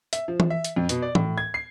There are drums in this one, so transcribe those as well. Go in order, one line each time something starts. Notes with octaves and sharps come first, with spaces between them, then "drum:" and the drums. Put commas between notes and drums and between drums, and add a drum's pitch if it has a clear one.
E5, drum: hi-hat
F3
drum: tom E3
E5
drum: hi-hat
F2
B2, drum: hi-hat
D5
A2, drum: tom E3
G#6
C7